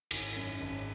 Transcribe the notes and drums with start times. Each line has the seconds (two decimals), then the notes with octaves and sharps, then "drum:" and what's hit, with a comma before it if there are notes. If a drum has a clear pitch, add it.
0.11 G#1, drum: cymbal
0.36 F#2
0.61 G#1